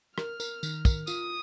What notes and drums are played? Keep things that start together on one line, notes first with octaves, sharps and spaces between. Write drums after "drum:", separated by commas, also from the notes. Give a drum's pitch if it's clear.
A#4 F6, drum: rim click
A#4, drum: tambourine
D#3, drum: tambourine
A#4, drum: kick, tambourine
F4 D#6, drum: tambourine